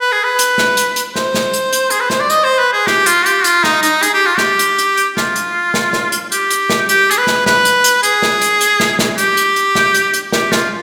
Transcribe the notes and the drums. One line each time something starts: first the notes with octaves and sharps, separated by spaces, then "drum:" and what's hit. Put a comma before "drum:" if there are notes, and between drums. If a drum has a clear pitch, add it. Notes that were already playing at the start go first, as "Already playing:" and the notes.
B4
G#4
B4
drum: hi-hat
drum: snare
drum: hi-hat
drum: hi-hat
C5, drum: snare
drum: snare
drum: hi-hat
drum: hi-hat
G#4, drum: hi-hat
B4
C5, drum: snare
D5
D#5, drum: hi-hat
C5
B4
G#4
G4, drum: snare
F4, drum: hi-hat
G4, drum: hi-hat
F4, drum: hi-hat
D#4, drum: snare
D#4, drum: hi-hat
G#4, drum: hi-hat
G4
F4
G4, drum: snare
drum: hi-hat
drum: hi-hat
drum: hi-hat
F4, drum: snare
drum: hi-hat
drum: snare
drum: snare
drum: hi-hat
G4, drum: hi-hat
drum: hi-hat
drum: snare
G4, drum: hi-hat
G#4, drum: hi-hat
B4
drum: snare
B4, drum: snare
drum: hi-hat
drum: hi-hat
G#4, drum: hi-hat
drum: snare
drum: hi-hat
drum: hi-hat
drum: snare
drum: snare
G4, drum: hi-hat
drum: hi-hat
drum: hi-hat
drum: snare
drum: hi-hat
drum: hi-hat
G4, drum: snare
F4, drum: snare